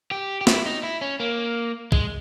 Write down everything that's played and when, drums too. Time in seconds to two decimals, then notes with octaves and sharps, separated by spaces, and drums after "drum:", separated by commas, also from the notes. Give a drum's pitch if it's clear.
0.11 G4
0.41 G4
0.47 E4, drum: snare
0.66 D#4
0.83 E4
1.01 C#4
1.20 A#3
1.92 G#3, drum: kick